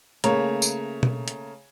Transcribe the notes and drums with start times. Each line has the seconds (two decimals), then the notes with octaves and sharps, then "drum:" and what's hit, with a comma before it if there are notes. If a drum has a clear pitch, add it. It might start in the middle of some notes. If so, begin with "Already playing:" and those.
0.24 C#3 A3 A#3 C#5 A#5, drum: hi-hat
0.62 drum: tambourine
1.03 drum: tom B2
1.28 drum: hi-hat